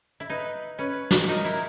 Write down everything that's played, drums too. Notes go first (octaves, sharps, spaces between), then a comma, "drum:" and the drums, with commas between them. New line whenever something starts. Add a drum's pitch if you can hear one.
E4
D#4 B4
C#4 B4
drum: snare
D#4 A#4
E4